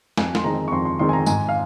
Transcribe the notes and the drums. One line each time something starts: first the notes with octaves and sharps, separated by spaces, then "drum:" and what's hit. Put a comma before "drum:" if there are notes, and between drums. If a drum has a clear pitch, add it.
F2 G#5, drum: snare
C6, drum: snare
D#3 G#3 C4 A#5
C#6
F2 C6
C6
D#3 G#3 C4 C6
G#5
A#5
G#2 G#5, drum: tambourine
F5